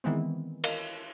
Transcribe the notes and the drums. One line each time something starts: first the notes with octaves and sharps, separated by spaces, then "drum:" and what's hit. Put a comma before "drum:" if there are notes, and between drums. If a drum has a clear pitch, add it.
D#3 E3 G#3 B3 C4
A#4 D#5 F5, drum: cymbal